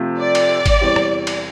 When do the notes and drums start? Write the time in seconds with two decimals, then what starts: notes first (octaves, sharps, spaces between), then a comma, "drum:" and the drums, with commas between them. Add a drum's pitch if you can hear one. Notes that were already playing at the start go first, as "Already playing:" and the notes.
Already playing: C3 F3 A3 C4
0.20 D5
0.35 drum: cymbal
0.66 drum: kick G#1, cymbal
0.81 E2 C3 E3 G3 C4
0.96 drum: rim click
1.27 drum: cymbal